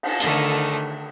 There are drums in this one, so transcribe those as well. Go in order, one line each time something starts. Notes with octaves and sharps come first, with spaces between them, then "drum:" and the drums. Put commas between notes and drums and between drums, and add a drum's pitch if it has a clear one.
drum: cymbal
D3 D#3 A3, drum: hi-hat